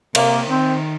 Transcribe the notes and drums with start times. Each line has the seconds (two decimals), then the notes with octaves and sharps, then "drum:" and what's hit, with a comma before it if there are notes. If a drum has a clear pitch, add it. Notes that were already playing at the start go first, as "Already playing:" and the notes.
0.15 C3 A#3, drum: cymbal
0.50 D#3 C4